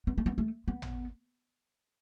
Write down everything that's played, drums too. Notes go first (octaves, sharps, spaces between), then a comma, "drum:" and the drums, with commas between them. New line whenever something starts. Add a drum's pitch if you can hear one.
B3
A3
B3
A3
B3
drum: tom